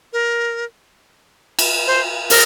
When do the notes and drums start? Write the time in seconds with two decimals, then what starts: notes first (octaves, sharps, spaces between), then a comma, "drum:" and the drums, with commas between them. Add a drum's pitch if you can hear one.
0.13 A#4
1.59 drum: cymbal
1.87 C5
2.30 A#4, drum: open hi-hat